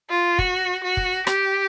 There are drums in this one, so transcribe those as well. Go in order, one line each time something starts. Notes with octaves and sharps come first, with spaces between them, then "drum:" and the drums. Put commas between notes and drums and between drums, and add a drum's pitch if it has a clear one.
F4
F#4, drum: kick
F#4
drum: kick
G4, drum: rim click